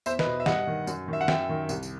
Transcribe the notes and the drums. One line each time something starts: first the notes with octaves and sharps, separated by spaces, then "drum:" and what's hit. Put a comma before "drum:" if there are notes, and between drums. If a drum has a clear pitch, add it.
E2 C5 E5, drum: tambourine
B4 D#5, drum: snare
B2
E5
G2 D#5 F#5, drum: snare
D#3
F#2, drum: tambourine
D#3 E5
F#5
F#2 E5 G5, drum: snare
D#3
C2, drum: tambourine
drum: tambourine